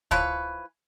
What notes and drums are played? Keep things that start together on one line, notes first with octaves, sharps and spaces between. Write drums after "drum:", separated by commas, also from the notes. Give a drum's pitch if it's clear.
E3 F3 B4 C#5, drum: kick